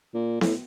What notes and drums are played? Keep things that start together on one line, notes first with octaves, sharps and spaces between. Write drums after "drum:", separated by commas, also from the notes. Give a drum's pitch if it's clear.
A#2
A2, drum: snare B3